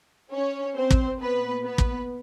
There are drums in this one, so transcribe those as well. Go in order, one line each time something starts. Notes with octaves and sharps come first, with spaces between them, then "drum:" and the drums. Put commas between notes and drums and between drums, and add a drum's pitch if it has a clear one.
C#4 C#5
C4 C5
drum: kick
A#2 B3 B4
B3 B4
drum: kick